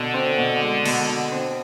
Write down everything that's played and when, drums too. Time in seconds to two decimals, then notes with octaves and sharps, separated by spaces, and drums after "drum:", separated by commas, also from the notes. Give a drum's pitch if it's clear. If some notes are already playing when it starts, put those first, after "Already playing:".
Already playing: B2 D3
0.14 C4
0.38 B2
0.62 G#3
0.85 B2, drum: cymbal
1.09 B2
1.32 C4